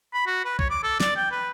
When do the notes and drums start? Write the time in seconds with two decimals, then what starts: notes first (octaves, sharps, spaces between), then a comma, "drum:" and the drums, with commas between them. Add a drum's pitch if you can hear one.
0.13 B5
0.27 F#4
0.45 B4
0.59 C#5, drum: kick
0.70 D6
0.83 A4
1.00 D5, drum: snare
1.17 G5
1.32 B4